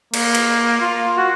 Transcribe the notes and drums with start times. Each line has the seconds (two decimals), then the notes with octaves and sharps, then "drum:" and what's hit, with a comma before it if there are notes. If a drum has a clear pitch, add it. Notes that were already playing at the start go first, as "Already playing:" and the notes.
0.14 A#3, drum: cymbal
0.35 drum: cymbal
0.81 F4
1.17 F#4